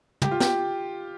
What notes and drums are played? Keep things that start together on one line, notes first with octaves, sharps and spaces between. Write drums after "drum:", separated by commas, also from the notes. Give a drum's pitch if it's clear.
G4, drum: tom
F4
G4, drum: snare